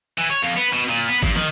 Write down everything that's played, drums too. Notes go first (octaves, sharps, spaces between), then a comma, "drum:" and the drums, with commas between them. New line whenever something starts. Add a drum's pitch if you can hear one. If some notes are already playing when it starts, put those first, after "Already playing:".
E3
C#5
F2
B3
B2
A#2
B3
G2, drum: kick G#1
D#3, drum: snare